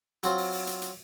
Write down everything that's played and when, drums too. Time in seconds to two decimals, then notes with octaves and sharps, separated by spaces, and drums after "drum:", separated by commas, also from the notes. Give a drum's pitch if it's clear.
0.23 F#3 C4 F4, drum: hi-hat
0.38 drum: open hi-hat
0.52 drum: open hi-hat
0.67 drum: hi-hat
0.82 drum: hi-hat